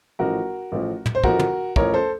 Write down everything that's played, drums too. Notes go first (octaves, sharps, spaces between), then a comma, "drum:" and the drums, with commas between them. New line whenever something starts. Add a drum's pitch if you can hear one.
A1 A2 F3 F#4 A#4
A1 A2 F3
drum: tom
C5
A1 A2 F3 F#4 A#4, drum: kick
drum: tom
A1 A2 F3 A#4 C#5, drum: kick
A4 C5